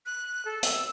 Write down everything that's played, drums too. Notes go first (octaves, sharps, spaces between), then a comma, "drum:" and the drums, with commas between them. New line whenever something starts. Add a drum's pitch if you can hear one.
F#6
A4
E6, drum: hi-hat